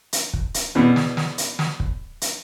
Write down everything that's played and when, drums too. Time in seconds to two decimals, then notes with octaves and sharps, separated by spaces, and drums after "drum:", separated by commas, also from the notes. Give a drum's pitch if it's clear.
0.13 drum: hi-hat
0.33 drum: kick
0.54 drum: hi-hat
0.75 E2 B2
0.96 drum: snare
1.17 drum: snare
1.38 drum: hi-hat
1.59 drum: snare
1.80 drum: kick
2.21 drum: hi-hat